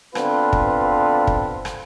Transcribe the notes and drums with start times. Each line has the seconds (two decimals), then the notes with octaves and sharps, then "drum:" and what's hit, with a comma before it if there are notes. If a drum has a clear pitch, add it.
0.15 D3 B3 C4 F4 A4 B4, drum: rim click
0.53 drum: kick
1.27 drum: kick
1.65 drum: rim click